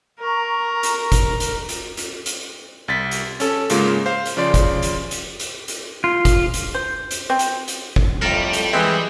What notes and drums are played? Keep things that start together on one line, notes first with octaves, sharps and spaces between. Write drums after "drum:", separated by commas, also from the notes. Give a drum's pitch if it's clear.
A#4 A#5 C#6
drum: hi-hat
drum: kick, hi-hat
drum: hi-hat
drum: hi-hat
drum: hi-hat
drum: hi-hat
C2 A6 B6
drum: hi-hat
C#4 A4, drum: hi-hat
G#2 C#3 G#3 A#3 F4, drum: hi-hat
C5 F5
drum: hi-hat
C#3 F3 D5 C6
drum: kick, hi-hat
drum: hi-hat
drum: hi-hat
drum: hi-hat
drum: hi-hat
F4
drum: kick, hi-hat
drum: hi-hat
C5
drum: hi-hat
C4
drum: hi-hat
drum: hi-hat
drum: kick
F2 A2 G3 A#4 A5
drum: hi-hat
E3 G#3 C4